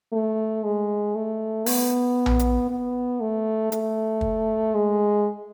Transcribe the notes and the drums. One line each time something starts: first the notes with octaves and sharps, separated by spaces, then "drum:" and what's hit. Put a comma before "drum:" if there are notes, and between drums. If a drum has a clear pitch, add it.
A3
G#3
A3
B3, drum: open hi-hat
drum: tom A#1
drum: hi-hat
B3
A3
A3, drum: hi-hat
drum: kick
G#3